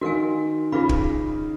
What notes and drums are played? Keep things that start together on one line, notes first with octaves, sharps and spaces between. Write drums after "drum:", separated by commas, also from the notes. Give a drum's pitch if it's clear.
D#3 F#4 A#4 F5 G#5
C#3 F4 G#4 B4 F5 B5
drum: kick